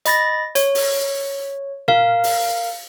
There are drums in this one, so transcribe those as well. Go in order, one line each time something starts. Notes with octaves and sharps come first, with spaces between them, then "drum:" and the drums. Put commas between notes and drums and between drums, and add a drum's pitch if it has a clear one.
D#5 B5 A6 A#6, drum: hi-hat
C#5, drum: hi-hat
drum: open hi-hat
A#4 F5, drum: tom A#2
drum: open hi-hat